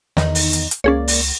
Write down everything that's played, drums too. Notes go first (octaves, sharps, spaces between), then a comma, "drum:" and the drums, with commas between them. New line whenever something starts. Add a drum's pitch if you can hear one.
E2 D#3 D#4, drum: snare
drum: open hi-hat
drum: hi-hat
drum: hi-hat
C#2 A#3 C#4 G#4 C#5 D5
drum: open hi-hat